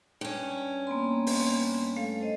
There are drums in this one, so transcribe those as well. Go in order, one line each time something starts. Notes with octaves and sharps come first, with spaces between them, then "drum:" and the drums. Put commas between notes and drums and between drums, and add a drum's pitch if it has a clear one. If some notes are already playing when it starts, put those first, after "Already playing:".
G2 C#4
A#3 B3 C6
drum: open hi-hat
A3 A4 F5
A4 C5 D#5